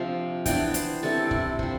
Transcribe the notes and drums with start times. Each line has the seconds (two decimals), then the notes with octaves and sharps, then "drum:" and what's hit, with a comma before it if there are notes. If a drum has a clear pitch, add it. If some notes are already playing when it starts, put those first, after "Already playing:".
Already playing: C3 F3 C4 D4 F5
0.46 E3 B3 D4 G5, drum: kick, hi-hat
0.74 C5, drum: hi-hat
1.03 C3 E3 G3 C4 A4
1.31 E4, drum: kick
1.59 C3 F3 C4 C5, drum: kick